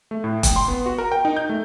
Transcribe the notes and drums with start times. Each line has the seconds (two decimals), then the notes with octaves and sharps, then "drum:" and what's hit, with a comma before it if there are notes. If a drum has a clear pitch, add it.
0.11 A3
0.24 A2
0.43 G5, drum: kick F1, hi-hat
0.56 C6
0.68 B3
0.86 F#4
0.98 A#4
1.12 G5
1.25 D#4
1.37 G6
1.49 A3